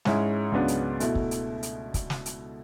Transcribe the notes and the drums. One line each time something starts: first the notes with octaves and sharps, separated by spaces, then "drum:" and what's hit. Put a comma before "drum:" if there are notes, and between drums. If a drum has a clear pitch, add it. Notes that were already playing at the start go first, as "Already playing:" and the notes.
G#2 G#3 C#4 E4, drum: snare
C#2 C#3 F#3 B3 D4
drum: hi-hat
B2 A3 E4, drum: hi-hat
drum: kick
drum: hi-hat
drum: hi-hat
drum: kick, hi-hat
drum: snare
drum: hi-hat